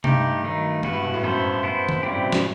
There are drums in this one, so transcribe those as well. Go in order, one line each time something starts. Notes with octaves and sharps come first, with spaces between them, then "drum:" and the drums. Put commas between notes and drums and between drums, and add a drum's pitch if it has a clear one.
G2 A3 D#4 G4, drum: tom C3
D#3 F#3 A3 D#4
G2 E3 B3 F#4 B4, drum: tom D3
G2
B2
A2
F#2 B3 E4 A4 C5
B3 E4 A4 C5
drum: tom D3
G2 G3 C4 E4 G4
A2
B2
A2, drum: snare